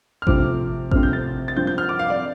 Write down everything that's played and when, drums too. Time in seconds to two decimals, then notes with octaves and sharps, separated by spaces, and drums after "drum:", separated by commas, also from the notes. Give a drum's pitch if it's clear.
0.22 F6
0.27 C3 F3 A3 C4 D6, drum: kick A1
0.91 C3 F3 A3 C4 F6, drum: kick A1
1.03 G6
1.13 A6
1.48 A6
1.56 G2 F3 C4 G6
1.67 G6
1.78 F6
1.89 D6
1.99 F5
2.10 D5